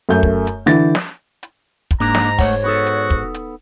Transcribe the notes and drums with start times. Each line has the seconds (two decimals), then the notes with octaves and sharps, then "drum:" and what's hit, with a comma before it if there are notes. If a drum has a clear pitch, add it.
0.09 F#2 A3 G6
0.23 drum: kick
0.47 drum: hi-hat
0.66 D3 E3 A6
0.95 drum: snare
1.43 drum: hi-hat
1.91 drum: kick, hi-hat
2.00 G#2 A#3 D4 A#5
2.15 drum: snare
2.39 A3 C#5 F#5, drum: kick, open hi-hat
2.64 B3 D#4 F#4 A4
2.86 drum: hi-hat
3.10 drum: kick
3.34 drum: hi-hat